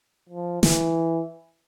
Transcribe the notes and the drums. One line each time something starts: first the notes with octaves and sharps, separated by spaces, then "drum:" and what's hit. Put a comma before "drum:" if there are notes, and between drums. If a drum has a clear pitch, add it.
F3
E3, drum: snare